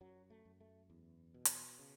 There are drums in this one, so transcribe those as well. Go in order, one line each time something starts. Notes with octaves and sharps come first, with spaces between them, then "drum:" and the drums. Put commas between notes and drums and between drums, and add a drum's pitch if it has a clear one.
F#2 F#3
A3
F#2
A3
E2
B2
drum: hi-hat
C#3